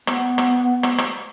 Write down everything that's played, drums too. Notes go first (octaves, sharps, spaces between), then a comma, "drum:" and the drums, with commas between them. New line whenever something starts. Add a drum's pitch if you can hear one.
B3, drum: rim click
drum: rim click
drum: rim click
drum: rim click